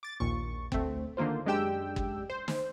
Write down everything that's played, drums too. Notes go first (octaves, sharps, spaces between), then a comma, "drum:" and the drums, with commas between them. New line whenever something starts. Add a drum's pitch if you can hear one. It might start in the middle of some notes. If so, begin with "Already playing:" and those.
D6 A6
A#1 D#2 A#2 C#6
D2 A3 C4, drum: kick
D3 D#3 A#3 F4 C5
F#2 G#3 D4 G4 G5 E6
drum: kick
C5
drum: snare